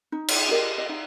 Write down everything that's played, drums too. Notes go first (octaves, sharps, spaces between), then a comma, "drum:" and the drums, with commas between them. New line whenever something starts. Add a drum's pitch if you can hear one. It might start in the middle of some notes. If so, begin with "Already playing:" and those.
D#4
drum: cymbal
G4 A#4 D#5
D#5
D#4 E5